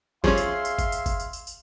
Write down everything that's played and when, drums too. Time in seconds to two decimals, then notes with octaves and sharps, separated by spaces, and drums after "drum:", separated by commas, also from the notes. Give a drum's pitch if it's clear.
0.24 F3 G3 C#4 G#4 C#5 E5 F5 C6, drum: kick G1
0.38 drum: tambourine
0.65 drum: tambourine
0.79 drum: kick G1, tambourine
0.92 drum: tambourine
1.06 drum: kick G1, tambourine
1.20 drum: tambourine
1.33 drum: tambourine
1.47 drum: tambourine